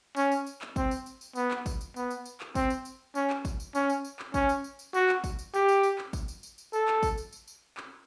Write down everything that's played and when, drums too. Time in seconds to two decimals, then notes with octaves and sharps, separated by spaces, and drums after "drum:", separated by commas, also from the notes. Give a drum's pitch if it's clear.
0.16 C#4, drum: tambourine
0.32 drum: tambourine
0.46 drum: tambourine
0.61 drum: clap
0.76 C4, drum: kick, tambourine
0.91 drum: tambourine
1.06 drum: tambourine
1.21 drum: tambourine
1.35 B3, drum: tambourine
1.51 drum: clap
1.66 drum: kick, tambourine
1.81 drum: tambourine
1.96 B3, drum: tambourine
2.11 drum: tambourine
2.25 drum: tambourine
2.40 drum: clap
2.55 C4, drum: kick, tambourine
2.70 drum: tambourine
2.85 drum: tambourine
3.15 C#4, drum: tambourine
3.30 drum: clap
3.45 drum: kick, tambourine
3.60 drum: tambourine
3.75 C#4, drum: tambourine
3.89 drum: tambourine
4.04 drum: tambourine
4.19 drum: clap
4.34 C#4, drum: kick, tambourine
4.49 drum: tambourine
4.64 drum: tambourine
4.79 drum: tambourine
4.94 F#4, drum: tambourine
5.09 drum: clap
5.24 drum: kick, tambourine
5.39 drum: tambourine
5.54 G4, drum: tambourine
5.68 drum: tambourine
5.83 drum: tambourine
5.98 drum: clap
6.13 drum: kick, tambourine
6.28 drum: tambourine
6.43 drum: tambourine
6.58 drum: tambourine
6.73 A4, drum: tambourine
6.88 drum: clap
7.03 drum: kick, tambourine
7.18 drum: tambourine
7.33 drum: tambourine
7.47 drum: tambourine
7.77 drum: clap